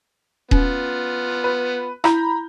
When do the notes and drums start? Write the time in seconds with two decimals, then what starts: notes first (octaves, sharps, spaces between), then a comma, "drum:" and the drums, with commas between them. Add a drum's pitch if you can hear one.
0.51 B3 C#4 F4, drum: kick D#1
1.44 B4
2.04 E4 A#5 B5 G6, drum: rim click